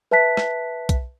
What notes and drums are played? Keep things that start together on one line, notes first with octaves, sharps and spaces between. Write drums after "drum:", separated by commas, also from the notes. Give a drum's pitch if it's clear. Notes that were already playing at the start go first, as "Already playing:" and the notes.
B4 E5 A5 F#6 B6
drum: rim click
drum: kick, hi-hat